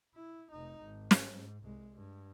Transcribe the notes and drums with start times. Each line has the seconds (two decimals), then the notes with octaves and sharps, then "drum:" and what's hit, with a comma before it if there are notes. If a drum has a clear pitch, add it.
0.15 E4
0.51 F1 D#4
0.83 G#1
1.11 drum: snare
1.32 G#2
1.64 C2 G#3
1.93 G2